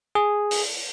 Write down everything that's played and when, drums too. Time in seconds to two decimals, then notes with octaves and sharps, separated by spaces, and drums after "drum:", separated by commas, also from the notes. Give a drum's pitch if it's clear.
0.15 G#4
0.51 drum: open hi-hat